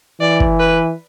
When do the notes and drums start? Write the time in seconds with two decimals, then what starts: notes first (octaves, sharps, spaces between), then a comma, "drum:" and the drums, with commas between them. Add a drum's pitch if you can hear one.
0.21 E3 D5
0.40 drum: kick
0.60 B4